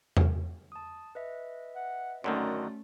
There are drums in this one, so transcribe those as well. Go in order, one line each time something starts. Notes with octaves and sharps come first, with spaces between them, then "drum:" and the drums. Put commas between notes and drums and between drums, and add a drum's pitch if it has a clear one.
drum: tom E2
A5 D#6
B4 D#5 E5
F#5
F#2 D3 D#3 A3 C#4 F#4 D5 C6